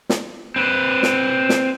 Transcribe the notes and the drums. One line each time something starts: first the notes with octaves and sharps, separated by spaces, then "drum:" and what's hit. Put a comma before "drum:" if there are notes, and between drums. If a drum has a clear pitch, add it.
drum: snare
C4 B4
drum: snare
drum: snare